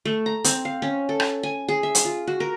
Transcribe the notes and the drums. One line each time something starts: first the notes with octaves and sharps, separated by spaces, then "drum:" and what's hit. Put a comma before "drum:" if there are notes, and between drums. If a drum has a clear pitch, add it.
A3
A#5
C4, drum: hi-hat
F5
C#4
A4
drum: rim click
G#5
G#4
E5
drum: hi-hat
F4
F#4
A#4